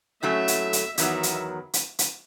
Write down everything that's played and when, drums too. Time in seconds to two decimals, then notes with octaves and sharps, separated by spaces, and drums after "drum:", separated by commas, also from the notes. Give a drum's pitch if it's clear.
0.23 A2 F#3 A3 C#4 E5
0.48 drum: hi-hat
0.73 drum: hi-hat
0.98 E2 D#3 F#3 B3 E5, drum: hi-hat
1.23 drum: hi-hat
1.73 drum: hi-hat
1.99 drum: hi-hat